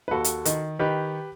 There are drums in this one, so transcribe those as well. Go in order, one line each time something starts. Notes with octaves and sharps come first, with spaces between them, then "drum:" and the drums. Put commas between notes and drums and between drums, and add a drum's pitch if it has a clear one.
B4
D#2 F#4 A4
drum: hi-hat
D#3, drum: hi-hat
D#3 G4 B4